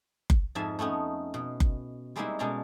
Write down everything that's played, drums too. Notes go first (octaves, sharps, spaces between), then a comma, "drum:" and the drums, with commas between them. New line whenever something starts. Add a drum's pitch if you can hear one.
drum: kick F#1
F2 G#2 F3 E5 G#5 A5
A3 B3 C#4 D#4
B2
drum: kick F#1
G3 G#3 A#3 C4 D#4 E4
B2 G#3 C#4 A4 D5 A#5